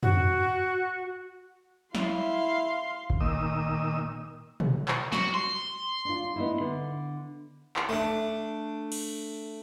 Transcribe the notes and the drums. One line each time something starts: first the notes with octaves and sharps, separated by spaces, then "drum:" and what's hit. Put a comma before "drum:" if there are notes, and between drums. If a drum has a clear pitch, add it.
F#4, drum: tom
E4 F5 C6, drum: snare
drum: kick G#1
A#2 D#3 D#6 E6
drum: tom
drum: clap
F#4, drum: snare
C6
D4 F4
B3 D#4 E4
D3
drum: clap
A3 D4
drum: cymbal